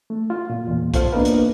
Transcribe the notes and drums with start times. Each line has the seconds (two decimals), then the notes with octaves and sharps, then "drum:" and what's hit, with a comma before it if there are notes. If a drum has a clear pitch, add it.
0.10 A3
0.30 F4
0.50 A#2
0.67 E2 A#2
0.94 F4 A4 C5 F5, drum: kick, hi-hat
1.13 A#3 B3 D4 D#4 A#4 B4
1.25 drum: hi-hat